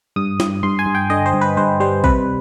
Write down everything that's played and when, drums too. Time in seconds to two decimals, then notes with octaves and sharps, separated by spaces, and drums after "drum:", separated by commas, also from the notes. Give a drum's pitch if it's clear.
0.16 G2 D#6
0.40 G2, drum: snare
0.63 G2 C6
0.79 G#5
0.86 G2
0.95 G5
1.10 D3 D#5
1.26 C5
1.33 G2
1.41 B4
1.57 G2 C5
1.80 G3 C5
2.04 C3 B4, drum: kick